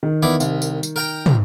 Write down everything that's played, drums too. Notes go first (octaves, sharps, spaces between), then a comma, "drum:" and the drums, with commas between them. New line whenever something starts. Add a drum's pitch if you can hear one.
D#3
E2 E4 D5
C2, drum: tambourine
drum: tambourine
drum: tambourine
A#4 G5 A#5
drum: tom